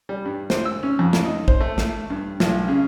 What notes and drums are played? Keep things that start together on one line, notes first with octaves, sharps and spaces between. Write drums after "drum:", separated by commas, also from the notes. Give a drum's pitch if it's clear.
G3
G2
C5, drum: snare
E6
C#4
F2
drum: snare
D#4
C5, drum: kick
A3
drum: snare
G2
B1, drum: snare
C#3